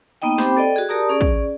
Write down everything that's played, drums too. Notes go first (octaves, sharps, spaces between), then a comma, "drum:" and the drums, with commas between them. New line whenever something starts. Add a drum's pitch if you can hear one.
A#3 B3 D#4 D#5 G5
C4 G4 C5 G5 B5 D6, drum: snare
A4 D5 D#5 G5
F#4 G#4
G4 A#4 D5 A5 A#5 D#6
C#4 G#4 D5
drum: kick